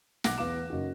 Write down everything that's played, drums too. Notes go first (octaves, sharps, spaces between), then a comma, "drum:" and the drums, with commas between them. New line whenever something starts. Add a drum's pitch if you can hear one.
B1 F#5 D6 F#6 A#6, drum: snare
E2 F5 D6 E7
F#1 D#4 F#4